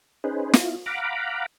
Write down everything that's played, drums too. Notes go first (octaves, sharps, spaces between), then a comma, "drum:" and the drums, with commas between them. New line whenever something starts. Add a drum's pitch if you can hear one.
C#4 D#4 G#4 B4 C5
E4 F4, drum: snare
F5 F#5 A#5 B5 D6